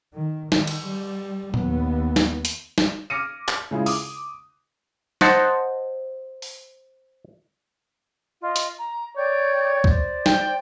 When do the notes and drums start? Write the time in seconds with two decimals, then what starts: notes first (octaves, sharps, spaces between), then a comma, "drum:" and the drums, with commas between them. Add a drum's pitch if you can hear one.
0.15 D#3
0.52 D#3, drum: snare
0.67 drum: cymbal
0.86 G3
1.54 D#2 B3, drum: tom A#2
2.16 drum: snare
2.45 drum: hi-hat
2.78 drum: snare
3.10 D6 F6 A#6 C#7 D#7
3.48 drum: clap
3.71 C#3 G#3 E4 F4 G#4
3.86 D6 D#6, drum: open hi-hat
5.21 C5 D#5 F#5 A5, drum: snare
6.42 drum: open hi-hat
8.41 F4 D#5
8.56 drum: hi-hat
8.78 A#5
9.17 C#5 D5 G5 G6
9.84 C5 D5, drum: kick
10.26 G5, drum: snare